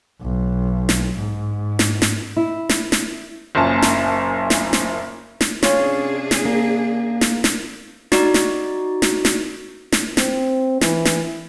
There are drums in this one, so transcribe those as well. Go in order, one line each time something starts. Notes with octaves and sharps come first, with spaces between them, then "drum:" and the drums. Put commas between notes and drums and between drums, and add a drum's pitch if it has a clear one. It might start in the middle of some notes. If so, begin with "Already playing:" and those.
B1
drum: snare
G#2
drum: snare
drum: snare
E4
drum: snare
drum: snare
F#1 F#2 A#2 C#4 A5
drum: snare
drum: snare
drum: snare
drum: snare
C3 C#4 D4 F4 G#4 C#5, drum: snare
drum: snare
A#3
drum: snare
drum: snare
D#4 F#4 D5, drum: snare
drum: snare
drum: snare
drum: snare
drum: snare
C4, drum: snare
E3, drum: snare
drum: snare